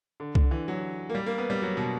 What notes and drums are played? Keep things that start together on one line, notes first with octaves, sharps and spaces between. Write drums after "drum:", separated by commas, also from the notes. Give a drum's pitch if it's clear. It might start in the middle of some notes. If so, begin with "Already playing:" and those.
D3
D3, drum: kick C2
E3
F#3
A#3
G3
A#3
B3
G3
F#3
B2